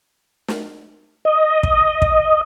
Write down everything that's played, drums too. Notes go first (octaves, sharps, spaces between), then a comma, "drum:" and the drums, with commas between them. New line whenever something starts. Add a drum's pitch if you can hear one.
drum: snare
D#5
drum: kick
drum: kick